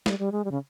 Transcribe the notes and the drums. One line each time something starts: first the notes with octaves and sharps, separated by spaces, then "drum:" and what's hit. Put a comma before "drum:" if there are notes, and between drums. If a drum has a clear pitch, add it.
G3, drum: snare
G3
G#3
G3
C#3